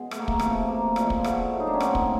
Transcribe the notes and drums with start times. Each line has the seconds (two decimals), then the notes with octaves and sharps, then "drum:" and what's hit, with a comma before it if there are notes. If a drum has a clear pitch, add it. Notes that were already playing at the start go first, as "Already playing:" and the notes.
Already playing: B2 G#3
0.11 A3, drum: rim click
0.20 A#3
0.28 A3, drum: kick
0.39 C3 E3 A3, drum: rim click
0.67 A#3
0.96 A#2 F3 G#3, drum: rim click
1.10 drum: kick
1.24 A3 B3, drum: rim click
1.52 A2 F#3 A3
1.60 D#4
1.67 D4
1.74 C#4
1.80 A#3 C4, drum: rim click
1.95 drum: kick